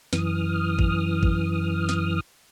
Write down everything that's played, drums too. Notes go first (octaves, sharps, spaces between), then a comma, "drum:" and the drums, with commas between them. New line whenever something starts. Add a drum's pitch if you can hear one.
F#2 E3 D#6 F6, drum: snare
drum: kick
drum: kick
drum: snare